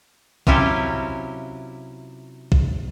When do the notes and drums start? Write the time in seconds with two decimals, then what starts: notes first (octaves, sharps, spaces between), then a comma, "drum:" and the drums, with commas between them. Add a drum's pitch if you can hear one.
0.47 C3 F#3 C#4 E4 F4 G4, drum: kick
2.52 drum: kick